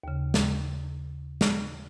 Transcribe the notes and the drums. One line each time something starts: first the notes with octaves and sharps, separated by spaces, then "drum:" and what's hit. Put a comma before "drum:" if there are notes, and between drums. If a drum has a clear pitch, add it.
D#2 C#3
drum: snare
drum: snare